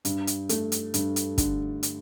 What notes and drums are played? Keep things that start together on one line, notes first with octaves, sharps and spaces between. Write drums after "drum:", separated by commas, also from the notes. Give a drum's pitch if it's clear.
G2, drum: hi-hat
drum: hi-hat
A3, drum: hi-hat
drum: hi-hat
G2, drum: hi-hat
drum: hi-hat
D3, drum: kick, hi-hat
drum: hi-hat